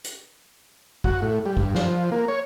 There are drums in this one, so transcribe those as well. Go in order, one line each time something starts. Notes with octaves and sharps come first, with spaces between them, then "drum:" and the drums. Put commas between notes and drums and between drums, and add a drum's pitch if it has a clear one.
drum: hi-hat
F#4, drum: kick
A2
G3
G2, drum: kick
F3, drum: snare
A#3
C#5